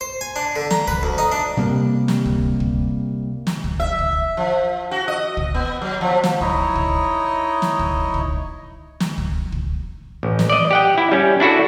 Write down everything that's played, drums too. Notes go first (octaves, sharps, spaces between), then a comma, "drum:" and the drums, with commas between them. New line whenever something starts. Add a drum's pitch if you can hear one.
C5
G#5
D4
D3
A#5, drum: snare
B4, drum: kick
D2
D#4
D4
C3 G3 A#3
drum: snare
drum: kick
drum: kick
drum: snare
drum: kick
E5
drum: kick
F3
F#4
D#5
drum: kick
B3
F#3
F3
drum: snare
D#4 E4 C#5 D#5, drum: kick
drum: kick
drum: snare
drum: kick
drum: kick
drum: snare
drum: kick
drum: kick
A1
drum: snare
D5 D#5
G4 F#5 G5
E4
G3 C#4
D4 E4 F#4 A4